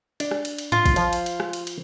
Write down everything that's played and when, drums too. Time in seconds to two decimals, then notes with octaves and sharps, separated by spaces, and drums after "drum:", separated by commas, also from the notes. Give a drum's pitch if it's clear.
0.20 D4, drum: cymbal
0.31 drum: rim click
0.45 drum: cymbal
0.58 drum: cymbal
0.72 F4, drum: tom G#2
0.86 drum: kick, cymbal
0.96 F3, drum: cymbal
1.13 drum: cymbal
1.26 drum: cymbal
1.40 drum: rim click
1.53 drum: cymbal
1.67 drum: cymbal